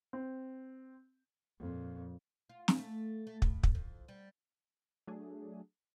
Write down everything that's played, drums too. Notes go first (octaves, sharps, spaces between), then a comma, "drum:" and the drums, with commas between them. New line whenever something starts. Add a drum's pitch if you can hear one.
C4
F2 A#2
F4
drum: snare
A3
A3
A2, drum: kick
drum: kick
F2
G3
F#3 A3 D4 G#4